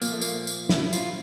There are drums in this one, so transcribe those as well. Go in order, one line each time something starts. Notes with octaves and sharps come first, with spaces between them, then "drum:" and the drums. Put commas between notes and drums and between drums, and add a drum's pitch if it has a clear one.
A#2 F3 A#3, drum: tambourine
A3
A#3, drum: tambourine
drum: tambourine
E4, drum: snare
F4, drum: tambourine